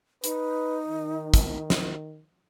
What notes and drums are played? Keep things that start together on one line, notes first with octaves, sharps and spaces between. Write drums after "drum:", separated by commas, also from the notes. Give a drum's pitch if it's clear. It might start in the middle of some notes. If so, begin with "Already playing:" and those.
D#4 B4, drum: hi-hat
D#3
drum: kick, hi-hat
drum: snare